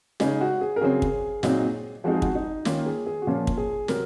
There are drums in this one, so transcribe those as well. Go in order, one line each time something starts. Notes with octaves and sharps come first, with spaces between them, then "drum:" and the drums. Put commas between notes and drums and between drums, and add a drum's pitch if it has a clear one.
C#3 G#3 D#4 G#4, drum: snare
F#4
G#4
A#4
C#3 F#3 C4 G#4
drum: kick
A#2 F#3 C4 D#4, drum: snare
F3 G#3 C4 D#4 F#4
G#4
F#4, drum: kick
D#4
D#3 A#3 C#4 F4, drum: snare
G#4
G#4
F#4
A#2 F3 A#3 C#4 F4
drum: kick
G#4
C3 F#3 C4 A#4, drum: snare